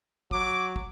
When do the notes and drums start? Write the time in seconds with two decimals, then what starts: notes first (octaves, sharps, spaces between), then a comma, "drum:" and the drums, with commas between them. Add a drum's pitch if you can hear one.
0.31 F#3 D6, drum: kick
0.76 drum: kick